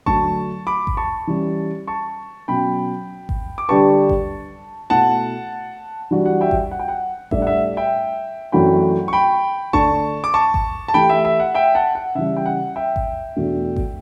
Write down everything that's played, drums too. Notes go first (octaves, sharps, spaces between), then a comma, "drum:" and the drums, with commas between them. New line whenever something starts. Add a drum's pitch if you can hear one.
D3 F#3 A3 D4 A5 C#6, drum: kick G#1
B5 D6
drum: kick G#1
A5 C#6
E3 G3 C#4
A5 C#6
B2 F#3 C#4 F#4 G5 B5
drum: kick G#1
D6
D3 G3 D4 G4 B4 A5 C#6
drum: kick G#1
B2 A3 E4 F#5 A5
E3 G3 D4 F#4
F#5
E5 G5
drum: kick G#1
F#5
G5
F#5
A2 G3 D4 A4 D5 E5, drum: kick G#1
F#5
E5
E5 G5
F#2 E3 A3 D4 F#4 G5 B5
C#6
G5 B5
D3 A3 D4 A4 D5 A5 C#6, drum: kick G#1
D6
A5 C#6
drum: kick G#1
A5
E3 A3 E4 G4 G5 B5
E5
E5
F#5
E5 G5
F#5 A5
F#5
C#3 E3 G3 E5
G5
F#5
E5 G5
drum: kick G#1
E2 B2 A3 D4 F#4
drum: kick G#1